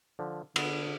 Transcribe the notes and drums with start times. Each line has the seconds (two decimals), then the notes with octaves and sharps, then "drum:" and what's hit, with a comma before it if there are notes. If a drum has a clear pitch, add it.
0.19 D3 F3
0.56 D3 B3, drum: cymbal